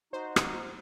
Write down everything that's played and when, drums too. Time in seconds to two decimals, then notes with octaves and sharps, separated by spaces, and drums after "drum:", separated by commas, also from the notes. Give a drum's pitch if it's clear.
0.13 D#4 F#4 C5
0.36 drum: rim click